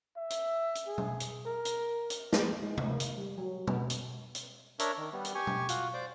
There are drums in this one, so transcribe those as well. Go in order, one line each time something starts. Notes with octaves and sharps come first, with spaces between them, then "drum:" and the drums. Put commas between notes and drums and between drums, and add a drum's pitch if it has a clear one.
E5
drum: hi-hat
drum: hi-hat
G#4
drum: tom B2
drum: hi-hat
A#4
drum: hi-hat
drum: hi-hat
drum: snare
G#3
drum: tom C3
A#3
drum: hi-hat
G3
F#3
B3, drum: tom B2
drum: hi-hat
drum: hi-hat
D4 A#4 C#5 E5, drum: hi-hat
D#3
G3 B3
drum: hi-hat
G4 G#5 C#6
drum: tom B2
F4 F#4, drum: hi-hat
C5 D5 D6